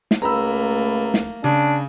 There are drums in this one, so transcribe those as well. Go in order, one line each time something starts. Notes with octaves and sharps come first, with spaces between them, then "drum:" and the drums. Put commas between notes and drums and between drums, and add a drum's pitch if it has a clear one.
drum: snare
C#2 A3 A#3 A#5 B5 E6
drum: snare
C#3 D4